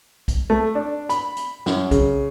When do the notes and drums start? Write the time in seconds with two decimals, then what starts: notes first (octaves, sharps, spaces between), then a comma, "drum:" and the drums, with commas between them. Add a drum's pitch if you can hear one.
0.28 drum: kick B1, hi-hat
0.50 A3
0.75 D4
1.09 B5, drum: hi-hat
1.37 drum: hi-hat
1.66 F#2, drum: snare
1.91 C#3, drum: kick B1, hi-hat